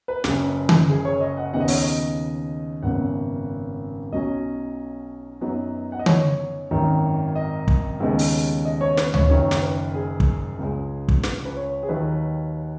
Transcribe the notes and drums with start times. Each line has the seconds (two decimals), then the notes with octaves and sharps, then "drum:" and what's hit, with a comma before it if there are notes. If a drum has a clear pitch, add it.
0.08 B4
0.24 F#1 F#2 C#3, drum: snare
0.69 drum: tom D3
0.89 G#4
1.05 C#5
1.21 D#5
1.37 F#5
1.53 D#2 C#3 B3 D#4 F#5
1.60 D#5
1.68 C#5, drum: open hi-hat
1.75 D#5
2.83 G#1 F#2 C#3 B3 F#5
4.12 B1 B2 F#3 C#4 D#5
5.41 F#2 F#3 B3 D#4
5.92 F#5
5.99 D#5
6.06 C#5, drum: tom D3
6.71 G#1 F#2 D#3
7.35 D#5
7.68 drum: kick
8.00 D#2 C#3 G#3 B3 D#4
8.19 drum: open hi-hat
8.65 D#5
8.81 C#5
8.97 B4, drum: snare
9.14 C#5, drum: tom D2
9.30 F#1 F#2 D#3 C#5
9.51 drum: snare
9.62 B4
9.95 G#4
10.20 drum: kick
10.59 C#2 C#3 G#3
11.08 drum: kick
11.23 B4, drum: snare
11.45 B4
11.57 C#5
11.83 G#4
11.88 D#2 D#3 F#3 D#4 B4